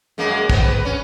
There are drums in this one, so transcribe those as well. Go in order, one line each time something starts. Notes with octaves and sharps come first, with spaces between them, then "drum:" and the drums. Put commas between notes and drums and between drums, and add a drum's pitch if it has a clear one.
F#2 G#3 A#3
B3 C4, drum: kick
B4
C#4